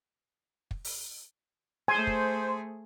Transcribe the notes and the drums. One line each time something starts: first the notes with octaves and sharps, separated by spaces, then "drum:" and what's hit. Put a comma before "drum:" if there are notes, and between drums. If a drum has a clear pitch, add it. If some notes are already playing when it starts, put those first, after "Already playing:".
drum: kick
drum: open hi-hat
A3 G#4 C5 G#5
drum: kick